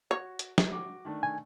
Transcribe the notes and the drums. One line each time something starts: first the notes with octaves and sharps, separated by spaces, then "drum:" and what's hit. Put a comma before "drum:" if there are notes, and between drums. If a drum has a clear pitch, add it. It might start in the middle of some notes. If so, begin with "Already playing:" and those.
F#4 C#5
drum: hi-hat
drum: snare
F#4 D6
D#3 A3 D4
G#5